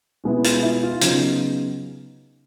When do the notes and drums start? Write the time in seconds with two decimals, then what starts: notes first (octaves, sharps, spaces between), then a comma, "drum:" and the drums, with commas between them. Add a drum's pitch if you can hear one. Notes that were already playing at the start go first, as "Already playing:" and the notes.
0.24 B2 G#3 B3 E4
0.44 F4, drum: hi-hat
0.63 E4
0.83 F4
1.01 C#3 F#3 B3 D#4, drum: hi-hat